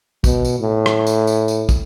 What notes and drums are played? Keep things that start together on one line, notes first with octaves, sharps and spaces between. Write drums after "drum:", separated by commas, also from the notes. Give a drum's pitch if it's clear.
B2, drum: kick, tambourine
drum: tambourine
A2
drum: rim click
drum: tambourine
drum: tambourine
drum: tambourine
drum: kick, tambourine